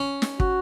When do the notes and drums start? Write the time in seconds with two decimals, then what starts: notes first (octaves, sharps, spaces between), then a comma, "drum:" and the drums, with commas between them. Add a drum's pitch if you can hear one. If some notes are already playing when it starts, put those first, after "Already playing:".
Already playing: C#4
0.22 drum: snare
0.40 F#4, drum: kick